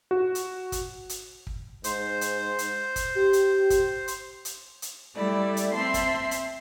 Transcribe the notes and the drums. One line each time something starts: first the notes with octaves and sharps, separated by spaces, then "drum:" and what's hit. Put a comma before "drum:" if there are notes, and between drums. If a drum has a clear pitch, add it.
F#4
drum: hi-hat
drum: kick, hi-hat
drum: hi-hat
drum: kick
G#2 C5, drum: hi-hat
drum: hi-hat
drum: hi-hat
drum: kick, hi-hat
G4
drum: hi-hat
drum: kick, hi-hat
drum: hi-hat
drum: hi-hat
drum: hi-hat
G3 A3 E4 D5
drum: hi-hat
C4 E5 A5 C6
drum: kick, hi-hat
drum: hi-hat